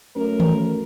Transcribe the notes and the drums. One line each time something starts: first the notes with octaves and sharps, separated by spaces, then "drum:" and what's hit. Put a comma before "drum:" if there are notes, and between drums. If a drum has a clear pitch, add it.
F#2 A3 A#4
drum: tom D#3